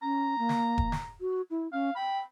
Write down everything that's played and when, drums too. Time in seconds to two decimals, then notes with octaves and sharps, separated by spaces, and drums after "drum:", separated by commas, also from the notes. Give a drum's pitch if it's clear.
0.02 C#4 A#5
0.38 A#3
0.49 drum: snare
0.78 drum: kick E1
0.92 drum: snare
1.21 F#4
1.50 E4
1.72 C#4 F5
1.96 G5 B5